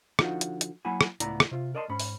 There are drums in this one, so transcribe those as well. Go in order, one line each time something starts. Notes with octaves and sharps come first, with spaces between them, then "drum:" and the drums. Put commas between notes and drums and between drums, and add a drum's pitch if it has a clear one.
D3 F3 D#4 F4 F#4, drum: rim click
drum: hi-hat
drum: hi-hat
F#3 A#3 E4 F#5 G#5 B5
drum: rim click
C#2 A2 B3 E4 D5 A#5, drum: hi-hat
drum: rim click
C3 F4
A#4 D5 D#5 A5 C6
G#2 C#4 B5
drum: open hi-hat